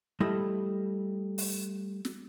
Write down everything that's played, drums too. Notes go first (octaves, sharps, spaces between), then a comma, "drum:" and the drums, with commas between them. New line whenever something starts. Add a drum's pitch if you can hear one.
G3 A3 E4 D#5
drum: open hi-hat
drum: snare